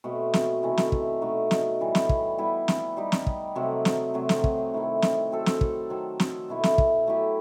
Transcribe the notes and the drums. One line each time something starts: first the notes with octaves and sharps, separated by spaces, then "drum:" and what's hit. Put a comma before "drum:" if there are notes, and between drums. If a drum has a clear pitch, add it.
B2 A3 C4 F#4
drum: snare
C3 E3 A3 D#4
drum: snare
drum: kick
B2 A3 D#4 F#4
drum: snare
A2 E3 G3
drum: snare
drum: kick
G3 B3 E4
drum: snare
G3 D#4 G4
drum: snare
drum: kick
C3 F#3 A3 C4
drum: snare
C3 F#3 A3 C4
drum: snare
drum: kick
C3 D#3 A3 E4
drum: snare
F#3 C4 F#4 A4
drum: snare
drum: kick
D#3 F#3 C4 D#4
drum: snare
B2 A3 E4
drum: snare
drum: kick
F#3 A3 E4 G4